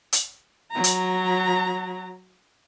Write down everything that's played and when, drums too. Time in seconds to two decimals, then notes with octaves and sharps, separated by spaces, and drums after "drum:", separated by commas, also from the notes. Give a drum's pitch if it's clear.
0.13 drum: hi-hat
0.71 F#3 A#5
0.84 drum: hi-hat